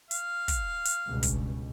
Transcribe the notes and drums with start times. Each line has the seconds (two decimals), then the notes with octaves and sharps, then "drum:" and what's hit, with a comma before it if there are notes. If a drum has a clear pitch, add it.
0.11 F5, drum: hi-hat
0.48 drum: kick, hi-hat
0.85 drum: hi-hat
1.06 C#2 G2 B2
1.23 drum: kick, hi-hat